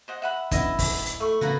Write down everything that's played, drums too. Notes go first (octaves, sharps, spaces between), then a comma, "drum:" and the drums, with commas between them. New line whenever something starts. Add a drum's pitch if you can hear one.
C5 D#5 F#5
E5 F#5 B5
D1 B3 C#4 D4 E4 D#5 E5, drum: kick, hi-hat
drum: kick, open hi-hat
drum: hi-hat
A3 B5 C#6
C#3 A#3 B3 C#4 F#4